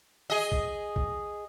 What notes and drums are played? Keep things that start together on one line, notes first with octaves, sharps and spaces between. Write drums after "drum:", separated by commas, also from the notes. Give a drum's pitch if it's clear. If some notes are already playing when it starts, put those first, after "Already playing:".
G#4 D#5
drum: kick B1
drum: kick B1